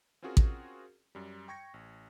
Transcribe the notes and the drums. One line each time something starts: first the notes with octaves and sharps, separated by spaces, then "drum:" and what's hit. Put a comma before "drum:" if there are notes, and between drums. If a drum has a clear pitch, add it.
C4 C#4 F4 F#4 G#4 A#4
drum: kick A1
F#2 G3
G5 C#6 G#6 A#6 C#7
A1